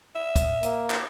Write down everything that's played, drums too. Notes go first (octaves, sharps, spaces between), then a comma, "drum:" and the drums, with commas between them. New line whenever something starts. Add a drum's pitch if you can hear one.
E5
drum: kick, hi-hat
A#3, drum: hi-hat
drum: clap